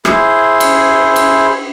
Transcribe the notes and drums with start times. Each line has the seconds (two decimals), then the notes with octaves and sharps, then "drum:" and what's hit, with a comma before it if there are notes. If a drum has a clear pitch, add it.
0.05 E4 G#4 C5, drum: rim click
0.60 drum: cymbal
1.16 drum: cymbal